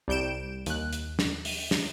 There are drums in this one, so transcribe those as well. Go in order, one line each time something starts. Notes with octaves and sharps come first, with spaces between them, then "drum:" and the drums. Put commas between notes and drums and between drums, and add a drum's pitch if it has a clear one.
C2 G3 G6 D7 E7
D#2 F#6, drum: hi-hat
drum: hi-hat
drum: snare
drum: open hi-hat
drum: snare